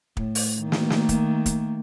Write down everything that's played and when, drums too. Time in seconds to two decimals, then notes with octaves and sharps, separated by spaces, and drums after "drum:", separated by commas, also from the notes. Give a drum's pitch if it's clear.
0.17 A2, drum: kick
0.35 drum: open hi-hat
0.60 D#3 A3 A#3
0.72 drum: snare
0.90 drum: snare
1.09 drum: kick, hi-hat
1.46 drum: kick, hi-hat